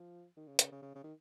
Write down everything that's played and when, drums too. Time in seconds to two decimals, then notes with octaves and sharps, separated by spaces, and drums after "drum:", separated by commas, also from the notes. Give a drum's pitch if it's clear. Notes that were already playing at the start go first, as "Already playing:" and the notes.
Already playing: F3
0.37 D#3
0.48 C#3
0.59 C#3, drum: hi-hat
0.72 C#3
0.82 C#3
0.95 C#3
1.04 D#3